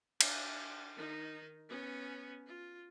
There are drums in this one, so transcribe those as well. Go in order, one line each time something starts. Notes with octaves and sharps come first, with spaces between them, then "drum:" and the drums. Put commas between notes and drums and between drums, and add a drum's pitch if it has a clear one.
D4, drum: cymbal
D#3 D#4
B3 C#4
F4